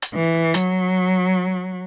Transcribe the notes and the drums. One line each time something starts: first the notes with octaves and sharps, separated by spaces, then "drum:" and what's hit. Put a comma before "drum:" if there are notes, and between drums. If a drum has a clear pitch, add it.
drum: hi-hat
E3
F#3, drum: hi-hat